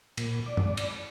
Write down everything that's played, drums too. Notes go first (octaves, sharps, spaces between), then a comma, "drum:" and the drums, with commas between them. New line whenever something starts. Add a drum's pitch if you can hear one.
A#2, drum: cymbal
D5
drum: tom F#2
drum: cymbal